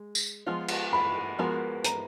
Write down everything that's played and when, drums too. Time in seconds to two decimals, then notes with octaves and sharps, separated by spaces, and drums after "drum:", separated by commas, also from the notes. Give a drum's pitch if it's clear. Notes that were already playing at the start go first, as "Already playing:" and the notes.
Already playing: G#3
0.15 drum: tambourine
0.46 F3 G#3 B3 F4
0.68 drum: cymbal
0.93 B5
1.39 F3 G#3 B3 F#4 A#4
1.84 A#5, drum: hi-hat